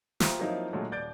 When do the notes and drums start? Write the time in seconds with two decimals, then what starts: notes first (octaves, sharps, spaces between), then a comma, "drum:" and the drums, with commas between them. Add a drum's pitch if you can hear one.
0.20 F4 G4 C5 E5 A#5, drum: snare
0.39 F3 F#3 A#3 C4 D#4 E4
0.73 A#2 D3 F#3 G#3 A3
0.91 D#1 D5 G6 A6 D7